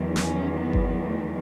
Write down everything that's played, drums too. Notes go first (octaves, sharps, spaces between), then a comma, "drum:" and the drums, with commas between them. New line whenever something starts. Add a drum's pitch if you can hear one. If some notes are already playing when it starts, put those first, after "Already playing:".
Already playing: E2 D#3 F#3
C#4, drum: snare
B3
drum: kick G1
A3